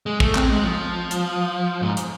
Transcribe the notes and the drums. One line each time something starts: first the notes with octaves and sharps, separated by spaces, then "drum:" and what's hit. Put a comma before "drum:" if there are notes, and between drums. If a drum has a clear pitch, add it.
G#3
A3, drum: kick
C4, drum: clap
G#3
F3
drum: hi-hat
G#2
drum: hi-hat